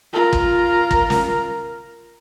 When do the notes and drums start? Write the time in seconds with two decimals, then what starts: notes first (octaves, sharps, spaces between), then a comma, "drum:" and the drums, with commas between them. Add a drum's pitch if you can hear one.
0.13 F4 A#4
0.33 drum: kick
0.91 drum: kick
1.10 drum: snare